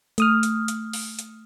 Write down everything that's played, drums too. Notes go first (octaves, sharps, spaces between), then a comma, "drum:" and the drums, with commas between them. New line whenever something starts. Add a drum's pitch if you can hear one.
A3 D#6 F6, drum: hi-hat
drum: hi-hat
drum: hi-hat
drum: open hi-hat
drum: hi-hat